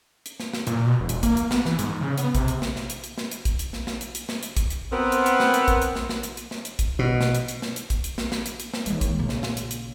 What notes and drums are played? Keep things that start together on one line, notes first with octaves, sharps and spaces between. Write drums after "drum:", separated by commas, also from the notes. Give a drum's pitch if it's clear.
drum: hi-hat
drum: snare
drum: snare
A#2, drum: hi-hat
B2
E1
drum: hi-hat
A#3, drum: kick A#1, hi-hat
drum: hi-hat
B3, drum: snare
E3, drum: snare
G#2, drum: hi-hat
C#3
B3, drum: hi-hat
C3, drum: kick A#1, hi-hat
drum: hi-hat
drum: snare
drum: snare
drum: hi-hat
drum: hi-hat
drum: snare
drum: hi-hat
drum: kick A#1, hi-hat
drum: hi-hat
drum: snare
drum: snare
drum: hi-hat
drum: hi-hat
drum: snare
drum: hi-hat
drum: kick A#1, hi-hat
drum: hi-hat
B3 C4 A#4
drum: hi-hat
drum: hi-hat
drum: snare
drum: hi-hat
drum: kick A#1, hi-hat
drum: hi-hat
drum: snare
drum: snare
drum: hi-hat
drum: hi-hat
drum: snare
drum: hi-hat
drum: kick A#1, hi-hat
B2
drum: snare
drum: hi-hat
drum: hi-hat
drum: snare
drum: hi-hat
drum: kick A#1, hi-hat
drum: hi-hat
drum: snare
drum: snare
drum: hi-hat
drum: hi-hat
drum: snare
D#2 G#3, drum: hi-hat
drum: kick A#1, hi-hat
A#1 C#3
drum: snare
drum: snare
drum: hi-hat
drum: hi-hat